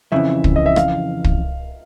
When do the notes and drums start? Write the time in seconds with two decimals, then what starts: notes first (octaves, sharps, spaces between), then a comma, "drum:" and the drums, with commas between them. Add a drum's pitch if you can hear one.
0.12 F2 C#3 E3 E5
0.44 drum: kick
0.56 D#5
0.66 E5
0.76 F5, drum: rim click
1.24 drum: kick